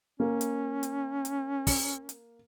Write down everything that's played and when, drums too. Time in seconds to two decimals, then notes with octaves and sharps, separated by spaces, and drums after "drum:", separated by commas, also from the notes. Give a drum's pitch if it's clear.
0.20 A#3 C#4
0.41 drum: hi-hat
0.83 drum: hi-hat
1.25 drum: hi-hat
1.67 drum: kick, open hi-hat
2.09 drum: hi-hat